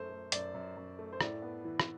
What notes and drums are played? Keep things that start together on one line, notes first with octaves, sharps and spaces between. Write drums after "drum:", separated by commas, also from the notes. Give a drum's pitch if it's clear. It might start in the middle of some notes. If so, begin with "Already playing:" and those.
Already playing: F#2 A3 C5
A3
F#2 D5, drum: hi-hat
F#2
F#2
A3
C5
A2 D5, drum: rim click
B3
E3
drum: rim click